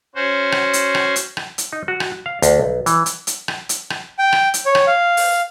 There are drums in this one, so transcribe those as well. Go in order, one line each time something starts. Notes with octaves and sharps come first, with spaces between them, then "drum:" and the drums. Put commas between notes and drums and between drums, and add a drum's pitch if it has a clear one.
C#4 F#4 C5
drum: rim click
drum: hi-hat
drum: rim click
drum: hi-hat
drum: rim click
drum: hi-hat
D#4
F#4
drum: rim click
F5
D2, drum: hi-hat
B1
E3, drum: hi-hat
drum: hi-hat
drum: hi-hat
drum: rim click
drum: hi-hat
drum: rim click
G5
drum: rim click
drum: hi-hat
C#5
drum: rim click
F5
drum: open hi-hat